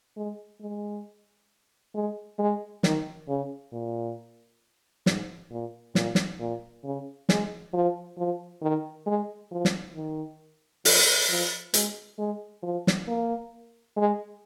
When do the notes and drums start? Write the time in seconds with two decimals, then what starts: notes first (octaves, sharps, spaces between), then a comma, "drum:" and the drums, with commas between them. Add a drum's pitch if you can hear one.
0.17 G#3
0.61 G#3
1.95 G#3
2.39 G#3
2.83 D#3, drum: snare
3.28 C#3
3.72 A#2
5.06 G#2, drum: snare
5.51 A#2
5.95 A#2, drum: snare
6.15 drum: snare
6.40 A#2
6.84 C#3
7.29 G#3, drum: snare
7.73 F3
8.18 F3
8.62 D#3
9.07 G#3
9.51 F3
9.65 drum: snare
9.96 D#3
10.85 F3, drum: open hi-hat
11.29 F3
11.74 G#3, drum: hi-hat
12.18 G#3
12.63 F3
12.87 drum: snare
13.07 A#3
13.97 G#3